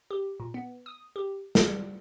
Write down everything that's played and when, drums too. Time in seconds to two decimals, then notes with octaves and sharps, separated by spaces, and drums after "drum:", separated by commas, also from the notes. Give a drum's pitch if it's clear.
0.11 G4
0.40 A#2
0.54 B3
0.86 D#6
1.16 G4
1.55 G#4, drum: snare
1.69 G3